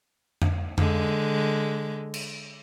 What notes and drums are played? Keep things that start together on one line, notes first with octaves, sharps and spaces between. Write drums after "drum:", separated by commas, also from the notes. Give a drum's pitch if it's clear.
drum: tom F2
D3 G#3, drum: tom F2
drum: cymbal